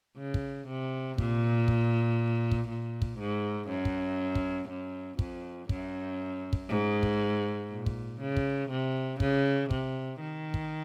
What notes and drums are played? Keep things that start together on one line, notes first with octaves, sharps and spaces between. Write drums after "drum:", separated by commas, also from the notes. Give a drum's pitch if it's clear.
C#3
drum: kick
C3
A#2, drum: kick
drum: kick
drum: kick
A#2
drum: kick
G#2
F#2
drum: kick
drum: kick
F#2
F2, drum: kick
F#2, drum: kick
drum: kick
G#2
drum: kick
A#2
drum: kick
C#3
drum: kick
C3
C#3, drum: kick
C3, drum: kick
D#3
drum: kick